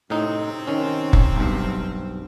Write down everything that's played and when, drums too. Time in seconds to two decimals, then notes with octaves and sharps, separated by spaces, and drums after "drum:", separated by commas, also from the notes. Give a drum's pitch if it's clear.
0.10 F#2 A2 C3 C4 D#4
0.67 D#3 C#4
1.13 drum: kick
1.36 B1 G2